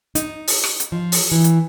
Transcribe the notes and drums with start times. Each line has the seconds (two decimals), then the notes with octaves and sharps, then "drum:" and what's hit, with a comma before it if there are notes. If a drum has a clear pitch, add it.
0.15 D#4, drum: hi-hat
0.47 drum: open hi-hat
0.64 drum: rim click
0.80 drum: hi-hat
0.92 F3
1.12 drum: open hi-hat
1.32 E3
1.44 drum: hi-hat